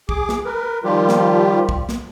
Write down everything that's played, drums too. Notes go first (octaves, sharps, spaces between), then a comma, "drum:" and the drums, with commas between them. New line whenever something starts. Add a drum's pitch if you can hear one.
G#4 D6, drum: kick
drum: snare
A#4 B4
D#3 F3 G3 F4 G4
drum: snare
drum: kick
drum: snare